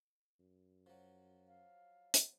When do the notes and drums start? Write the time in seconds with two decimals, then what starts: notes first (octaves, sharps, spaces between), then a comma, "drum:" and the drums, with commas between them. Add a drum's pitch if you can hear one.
0.40 F#2
0.86 F3 F#3
1.48 F5
2.14 drum: hi-hat